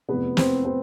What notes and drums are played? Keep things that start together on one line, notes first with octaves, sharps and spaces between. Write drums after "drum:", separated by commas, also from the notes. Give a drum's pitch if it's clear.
F1 E2 C3 B3 B4
C4 C5, drum: snare
C4 C5